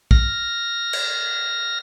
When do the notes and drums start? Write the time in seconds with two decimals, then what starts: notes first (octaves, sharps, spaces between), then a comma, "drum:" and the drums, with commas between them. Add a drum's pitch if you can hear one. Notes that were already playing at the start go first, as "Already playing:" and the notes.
0.11 F6 A#6, drum: kick
0.93 drum: cymbal